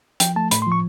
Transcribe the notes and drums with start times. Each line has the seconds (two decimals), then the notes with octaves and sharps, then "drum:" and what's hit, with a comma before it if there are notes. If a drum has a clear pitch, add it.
0.20 F3 G5, drum: hi-hat
0.36 A3 A5
0.51 A2 B5, drum: hi-hat
0.62 C6
0.67 F3
0.72 C#6